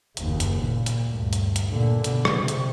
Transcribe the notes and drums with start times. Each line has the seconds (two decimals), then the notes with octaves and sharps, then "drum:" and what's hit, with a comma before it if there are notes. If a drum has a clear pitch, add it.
0.17 F#1 D#2, drum: hi-hat
0.40 drum: hi-hat
0.61 A#2
0.86 drum: hi-hat
1.05 D2 G2
1.33 drum: hi-hat
1.56 drum: hi-hat
1.70 A#2 D3
2.04 B2, drum: hi-hat
2.25 drum: rim click
2.37 C3
2.48 drum: hi-hat